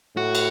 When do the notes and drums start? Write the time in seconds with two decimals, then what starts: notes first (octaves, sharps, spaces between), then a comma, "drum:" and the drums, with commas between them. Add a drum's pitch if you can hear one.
0.16 A2 F#4
0.35 drum: cymbal